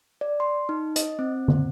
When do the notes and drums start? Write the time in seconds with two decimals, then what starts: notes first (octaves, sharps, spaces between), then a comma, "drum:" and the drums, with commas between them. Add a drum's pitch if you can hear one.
0.21 D5
0.40 C6
0.69 D#4
0.96 D#5, drum: hi-hat
1.19 C4
1.48 drum: tom D3